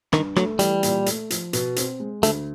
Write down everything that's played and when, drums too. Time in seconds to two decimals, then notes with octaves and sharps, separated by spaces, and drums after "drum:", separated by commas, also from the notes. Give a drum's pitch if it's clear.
0.13 G2 D#3, drum: rim click
0.36 F#3 A3, drum: rim click
0.59 E3 G3, drum: hi-hat
0.83 A#2, drum: hi-hat
1.06 A3, drum: hi-hat
1.30 F3, drum: hi-hat
1.53 B2, drum: hi-hat
1.76 C4, drum: hi-hat
2.00 G#3
2.23 D2 A3, drum: hi-hat